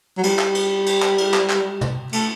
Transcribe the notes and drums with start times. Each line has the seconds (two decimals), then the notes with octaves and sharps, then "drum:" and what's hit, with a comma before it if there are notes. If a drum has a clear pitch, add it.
0.18 F#3
0.23 G3, drum: cymbal
0.39 drum: clap
0.55 drum: cymbal
0.86 drum: cymbal
1.02 drum: clap
1.18 drum: cymbal
1.34 drum: clap
1.50 drum: clap
1.81 drum: tom
2.13 A3, drum: cymbal